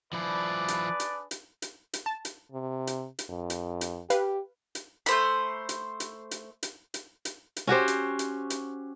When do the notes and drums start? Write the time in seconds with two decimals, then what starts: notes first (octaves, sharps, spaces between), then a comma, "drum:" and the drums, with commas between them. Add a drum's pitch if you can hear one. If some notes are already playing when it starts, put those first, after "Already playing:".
0.13 F3 D4 E4 G#4 B4 D5
0.68 drum: hi-hat
1.00 drum: hi-hat
1.31 drum: hi-hat
1.62 drum: hi-hat
1.93 drum: hi-hat
2.06 A5
2.25 drum: hi-hat
2.52 C3
2.87 drum: hi-hat
3.19 drum: hi-hat
3.29 F2
3.50 drum: hi-hat
3.81 drum: hi-hat
4.10 G4 B4 F5, drum: hi-hat
4.75 drum: hi-hat
5.06 A3 C5 B5, drum: hi-hat
5.69 drum: hi-hat
6.00 drum: hi-hat
6.31 drum: hi-hat
6.63 drum: hi-hat
6.94 drum: hi-hat
7.25 drum: hi-hat
7.56 drum: hi-hat
7.67 C#4 F#4 G4 C5
7.88 drum: hi-hat
8.19 drum: hi-hat
8.50 drum: hi-hat